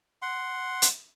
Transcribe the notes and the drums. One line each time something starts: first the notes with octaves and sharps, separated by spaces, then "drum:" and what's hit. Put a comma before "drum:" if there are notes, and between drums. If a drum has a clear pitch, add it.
F#5 C6
drum: hi-hat